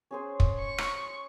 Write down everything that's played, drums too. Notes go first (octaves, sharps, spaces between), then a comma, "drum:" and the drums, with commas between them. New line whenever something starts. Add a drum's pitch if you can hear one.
C#4 G#4 C5
drum: kick
C#6
drum: rim click